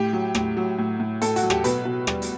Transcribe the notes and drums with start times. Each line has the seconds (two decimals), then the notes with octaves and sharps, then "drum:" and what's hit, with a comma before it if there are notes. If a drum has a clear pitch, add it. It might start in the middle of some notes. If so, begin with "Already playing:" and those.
Already playing: A2 G4
0.13 F#3
0.35 A2, drum: rim click
0.57 F#3
0.78 A2
1.00 A2
1.22 A2 A4, drum: hi-hat
1.36 F#4, drum: hi-hat
1.43 F#3
1.50 G4, drum: rim click
1.64 B2 B4, drum: hi-hat
1.85 B2
2.07 G3, drum: rim click
2.22 drum: hi-hat